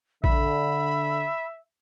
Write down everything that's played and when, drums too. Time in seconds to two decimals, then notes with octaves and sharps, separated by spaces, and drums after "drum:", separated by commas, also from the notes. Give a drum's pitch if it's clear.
0.24 D3 E5 B5, drum: kick A#1